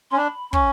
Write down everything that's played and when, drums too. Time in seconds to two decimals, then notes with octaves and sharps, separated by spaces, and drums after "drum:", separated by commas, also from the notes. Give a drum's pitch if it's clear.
0.11 C#4 C6
0.17 D4 B5
0.53 C#4 C#6, drum: kick